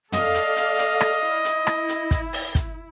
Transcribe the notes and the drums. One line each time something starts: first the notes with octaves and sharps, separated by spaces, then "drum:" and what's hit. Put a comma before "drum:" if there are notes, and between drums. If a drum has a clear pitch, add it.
A4 D5 D#5 F5, drum: tom
drum: hi-hat
drum: hi-hat
drum: hi-hat
drum: rim click
E4
drum: hi-hat
drum: rim click
drum: hi-hat
drum: kick, hi-hat
drum: open hi-hat
drum: kick, hi-hat